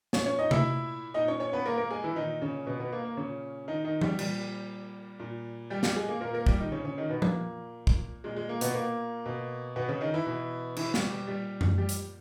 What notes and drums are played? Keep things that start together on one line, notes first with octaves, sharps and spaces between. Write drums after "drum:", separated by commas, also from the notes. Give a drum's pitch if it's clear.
A#2 C#4 C#5, drum: snare
C#4 C#5
D#4 D#5
E4 E5, drum: tom C3
A#2 D#4 D#5
C#4 C#5
C#4 C#5
B3 B4
A#3 A#4
A#3 A#4
G#3 G#4
E3 E4
A#2 D#3 D#4
C#3 C#4
B2 B3
B2 B3
A#3
A#3
A#2 C#3 C#4
D#3 D#4
D#3 D#4
G3 G4, drum: tom E3
A#2 G3 G4, drum: cymbal
A#2
G3 G4
G3 G4, drum: snare
G#3 G#4
A#3 A#4
A#2 A#3 A#4
A#3 A#4
G3 G4, drum: kick
D#3 D#4
C#3 C#4
C#3 C#4
D#3 D#4
B2 B3
A#2 A#3, drum: tom F3
drum: kick
A#2 G#3
G#3
A#3
B2 B3, drum: hi-hat
A#3
B2
B2 B3
C#3 C#4
D#3 D#4
E3 E4
B2
E3 E4, drum: cymbal
G3 G4, drum: snare
G3 G4
A#2 G3 G4
drum: tom F#2
G3 G4
drum: hi-hat